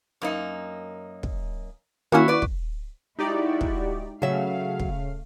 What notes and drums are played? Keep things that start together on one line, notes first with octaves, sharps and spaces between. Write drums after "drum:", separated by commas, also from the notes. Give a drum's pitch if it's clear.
F#2 A#3 D#4
drum: kick
D#3 A#3 C#4 E4 F#4
B4 D5
drum: kick
G#3 D#4 E4 F#4 G4 D5
drum: kick
C#3 F#3 A3 E5 F5
drum: kick